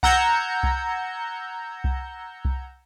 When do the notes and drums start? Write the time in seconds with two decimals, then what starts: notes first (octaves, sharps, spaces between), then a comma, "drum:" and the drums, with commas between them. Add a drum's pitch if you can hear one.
0.03 F#5 A#5 E6 G6 G#6 C#7, drum: kick C2
0.63 drum: kick C2
1.84 drum: kick C2
2.45 drum: kick C2